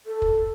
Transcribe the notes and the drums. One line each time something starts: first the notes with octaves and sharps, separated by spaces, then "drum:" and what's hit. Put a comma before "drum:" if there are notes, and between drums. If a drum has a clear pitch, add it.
A4
drum: kick